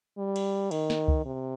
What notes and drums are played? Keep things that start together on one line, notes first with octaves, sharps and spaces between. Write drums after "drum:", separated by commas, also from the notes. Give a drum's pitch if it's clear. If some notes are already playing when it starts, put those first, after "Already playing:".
G3
drum: cymbal
D#3, drum: cymbal
drum: snare
drum: kick C#2
C3